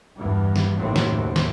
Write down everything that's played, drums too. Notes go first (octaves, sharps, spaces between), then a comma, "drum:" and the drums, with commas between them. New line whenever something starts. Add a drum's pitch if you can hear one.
E2 G2
drum: snare
F#1 D#2 A2 F#3 C4
drum: snare
drum: snare